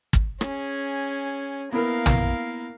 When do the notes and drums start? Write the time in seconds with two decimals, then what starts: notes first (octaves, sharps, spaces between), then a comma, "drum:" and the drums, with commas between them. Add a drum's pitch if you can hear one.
0.13 drum: kick
0.41 C#4 G#4, drum: rim click
1.73 A#3 B3 E4 A#4 F5
2.06 drum: tom